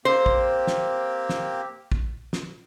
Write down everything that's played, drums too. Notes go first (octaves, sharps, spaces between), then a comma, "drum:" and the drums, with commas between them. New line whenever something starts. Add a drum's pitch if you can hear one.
A#3 C4 G4 C5
drum: kick
drum: snare
drum: snare
drum: kick
drum: snare